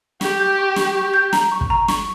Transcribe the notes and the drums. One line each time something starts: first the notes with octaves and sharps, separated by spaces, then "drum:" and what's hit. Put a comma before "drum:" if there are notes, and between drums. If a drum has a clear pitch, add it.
G4 C#6, drum: snare
G6
C#6
C#6, drum: snare
C#6
G6
A#5, drum: snare
C#6
drum: kick
A#5
C#6, drum: snare